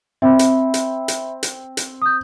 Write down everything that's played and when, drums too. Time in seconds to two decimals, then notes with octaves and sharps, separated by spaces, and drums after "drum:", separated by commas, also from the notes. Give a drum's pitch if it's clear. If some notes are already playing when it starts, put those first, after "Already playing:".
0.22 C4 E5 B5
0.39 drum: hi-hat
0.74 drum: hi-hat
1.08 drum: hi-hat
1.43 drum: hi-hat
1.77 drum: hi-hat
2.02 D#6 G6